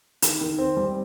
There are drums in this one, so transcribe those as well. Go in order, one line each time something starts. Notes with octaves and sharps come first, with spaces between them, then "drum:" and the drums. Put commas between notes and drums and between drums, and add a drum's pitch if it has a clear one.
D#3, drum: hi-hat
D#3
C4
G3